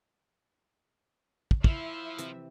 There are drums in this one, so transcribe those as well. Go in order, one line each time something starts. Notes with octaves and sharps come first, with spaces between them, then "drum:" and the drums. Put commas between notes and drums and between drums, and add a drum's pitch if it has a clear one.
drum: kick
F3 E4 E5, drum: kick
C3 E3 C4, drum: hi-hat